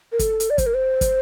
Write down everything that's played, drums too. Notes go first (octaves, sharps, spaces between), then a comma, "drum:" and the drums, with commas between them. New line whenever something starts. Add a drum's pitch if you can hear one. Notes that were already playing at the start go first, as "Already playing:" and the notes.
A#4
A4, drum: kick, hi-hat
drum: hi-hat
D5
C5, drum: kick, hi-hat
A#4
C5
drum: kick, hi-hat